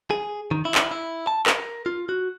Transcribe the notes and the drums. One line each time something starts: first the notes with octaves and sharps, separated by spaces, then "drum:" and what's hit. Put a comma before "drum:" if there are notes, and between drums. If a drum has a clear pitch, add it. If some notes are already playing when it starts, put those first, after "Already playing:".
G#4
D#3
E4
drum: clap
E4
A5
A#4, drum: clap
F4
F#4